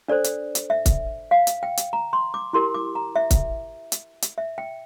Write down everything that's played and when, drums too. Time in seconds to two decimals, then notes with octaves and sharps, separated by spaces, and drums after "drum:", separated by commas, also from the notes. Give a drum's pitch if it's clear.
0.08 D4 A4 C5 D5
0.24 drum: hi-hat
0.55 drum: hi-hat
0.70 E5
0.86 drum: kick, hi-hat
1.31 F5
1.47 drum: hi-hat
1.63 G5
1.77 drum: hi-hat
1.93 A#5
2.13 C6
2.34 D6
2.53 E4 G4 A#4 C6
2.74 D6
2.95 A#5
3.16 E5
3.31 drum: kick, hi-hat
3.92 drum: hi-hat
4.22 drum: hi-hat
4.38 E5
4.58 G5